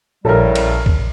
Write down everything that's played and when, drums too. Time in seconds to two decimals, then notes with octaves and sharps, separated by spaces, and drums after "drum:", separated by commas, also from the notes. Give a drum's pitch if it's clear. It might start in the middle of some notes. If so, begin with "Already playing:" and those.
0.25 A#1 A2 C#3 G3 A4 A#4
0.55 drum: cymbal
0.86 drum: kick C#2